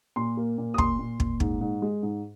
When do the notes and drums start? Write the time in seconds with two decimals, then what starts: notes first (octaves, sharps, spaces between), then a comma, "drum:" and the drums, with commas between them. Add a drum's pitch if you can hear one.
0.16 A#2 C6
0.37 A#3
0.58 A#2
0.74 D#6
0.78 A#2 C6, drum: kick
0.99 A#2
1.20 A#2, drum: kick
1.40 G#2, drum: kick
1.61 G#2
1.82 G#3
2.03 G#2